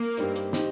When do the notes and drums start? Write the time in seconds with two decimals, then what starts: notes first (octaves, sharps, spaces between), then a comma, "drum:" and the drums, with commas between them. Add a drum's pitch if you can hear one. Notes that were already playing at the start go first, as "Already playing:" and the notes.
Already playing: A#3
0.17 G2 G3 C4 D#4, drum: hi-hat
0.36 drum: hi-hat
0.53 D#3 C4 D#4 G4, drum: snare